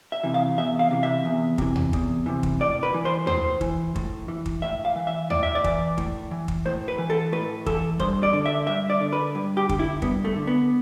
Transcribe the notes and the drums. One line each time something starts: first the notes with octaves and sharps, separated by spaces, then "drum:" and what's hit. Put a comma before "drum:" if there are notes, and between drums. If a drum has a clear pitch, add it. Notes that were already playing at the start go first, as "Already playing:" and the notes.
E5
C3 E3
F5
E2 E5
F5
C3 E3
E5
E2
C3 E3, drum: kick
drum: tom D#2
E2, drum: kick
C3 E3
drum: kick
A2 D5
B4
E3
C5
A2 C5, drum: tom D#2
E3, drum: kick
A2, drum: kick
E3
drum: kick
A2 E5
F5
E3
E5
A2 D5, drum: tom D#2
E5
D5
E3, drum: kick
A2, drum: kick
E3
drum: kick
A2 C5
B4
E3
A4
A2 B4
E3 A4, drum: kick
G2 C5, drum: kick
D5
D3
E5
G2 E5
D5
D3
B4
G2
G4
D3, drum: kick
E4
G2 B3, drum: kick
A3
D3
B3